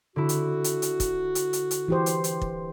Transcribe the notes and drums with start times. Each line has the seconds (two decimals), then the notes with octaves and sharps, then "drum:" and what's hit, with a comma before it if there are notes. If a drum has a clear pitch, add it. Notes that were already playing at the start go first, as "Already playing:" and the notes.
0.16 D3 E4 F#4
0.29 drum: hi-hat
0.64 drum: hi-hat
0.82 drum: hi-hat
1.00 drum: kick, hi-hat
1.35 drum: hi-hat
1.53 drum: hi-hat
1.71 drum: hi-hat
1.88 E3 G4 C5
2.06 drum: hi-hat
2.24 drum: hi-hat
2.42 drum: kick